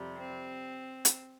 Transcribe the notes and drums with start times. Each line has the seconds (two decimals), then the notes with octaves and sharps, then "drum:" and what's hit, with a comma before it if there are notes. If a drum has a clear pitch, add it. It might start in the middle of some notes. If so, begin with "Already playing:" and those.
Already playing: F2 C3 G3
0.17 C4
1.05 drum: hi-hat